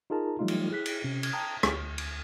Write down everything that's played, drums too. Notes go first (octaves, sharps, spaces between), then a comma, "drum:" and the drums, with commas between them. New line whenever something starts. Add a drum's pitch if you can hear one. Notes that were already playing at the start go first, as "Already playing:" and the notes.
D#4 F4 G#4 A#4 A5 A#5
E3 F#3 G3 A3 D#4 F4
drum: cymbal
E4 G#4 F#6 B6
drum: cymbal
C3 C#4
drum: cymbal
G5 A5 A#5 D#6
D2, drum: rim click
drum: cymbal